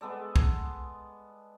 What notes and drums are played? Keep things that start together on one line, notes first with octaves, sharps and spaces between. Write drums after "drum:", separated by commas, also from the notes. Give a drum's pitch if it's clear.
G#3 B3 A4 D5
drum: kick